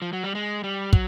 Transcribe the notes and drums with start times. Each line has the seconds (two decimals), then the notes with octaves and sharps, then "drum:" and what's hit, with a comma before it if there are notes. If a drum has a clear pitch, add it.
0.02 F3
0.13 F#3
0.24 G3
0.35 G#3
0.64 G3
0.93 F#3, drum: kick